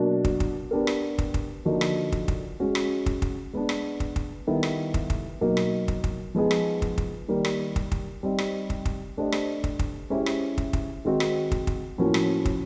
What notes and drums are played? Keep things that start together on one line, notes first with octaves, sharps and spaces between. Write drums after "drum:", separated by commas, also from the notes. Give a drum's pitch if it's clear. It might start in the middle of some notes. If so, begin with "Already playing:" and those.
Already playing: B2 F#3 A#3 D4 F#4
drum: kick
drum: kick
B3 D4 G4 A#4
drum: rim click
drum: kick
drum: kick
D3 F3 A#3 D#4 F#4
drum: rim click
drum: kick
drum: kick
G#3 C#4 F#4
drum: rim click
drum: kick
drum: kick
G#3 B3 D4
drum: rim click
drum: kick
drum: kick
D#3 G3 B3 E4 A4
drum: rim click
drum: kick
drum: kick
B2 F#3 A#3 D#4
drum: rim click
drum: kick
drum: kick
F3 G#3 B3 D#4 G#4
drum: rim click
drum: kick
drum: kick
D#3 G3 A#3
drum: rim click
drum: kick
drum: kick
G3 C4 D#4
drum: rim click
drum: kick
drum: kick
A3 D4 G4 C5 D#5
drum: rim click
drum: kick
drum: kick
G#3 C#4 E4 G4 C5
drum: rim click
drum: kick
drum: kick
D#3 G#3 C4 D#4 F#4
drum: rim click
drum: kick
drum: kick
A2 F3 A#3 C#4 F#4
drum: rim click
drum: kick